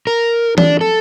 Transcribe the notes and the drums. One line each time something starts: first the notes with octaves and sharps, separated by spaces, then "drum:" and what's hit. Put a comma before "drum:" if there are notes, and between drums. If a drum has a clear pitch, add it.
A#4
D4, drum: tom E3
A4